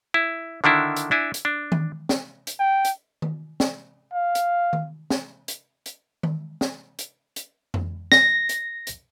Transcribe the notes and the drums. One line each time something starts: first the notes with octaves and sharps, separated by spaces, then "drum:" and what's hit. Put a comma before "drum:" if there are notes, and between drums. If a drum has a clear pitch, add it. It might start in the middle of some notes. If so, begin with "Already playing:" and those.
E4
D3 D#3 D4 E4
drum: hi-hat
D4 E4 G#5
drum: hi-hat
D4
drum: tom D#3
drum: snare
drum: hi-hat
G5
drum: hi-hat
drum: tom D#3
drum: snare
F5
drum: hi-hat
drum: tom D#3
drum: snare
drum: hi-hat
drum: hi-hat
drum: tom D#3
drum: snare
drum: hi-hat
drum: hi-hat
drum: tom F2
A#6, drum: snare
drum: hi-hat
drum: hi-hat